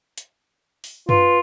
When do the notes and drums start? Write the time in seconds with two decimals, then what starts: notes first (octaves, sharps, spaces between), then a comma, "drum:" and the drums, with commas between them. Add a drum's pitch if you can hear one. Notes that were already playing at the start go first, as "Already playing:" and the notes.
0.18 drum: hi-hat
0.84 drum: open hi-hat
1.09 F4 B4, drum: tom F#2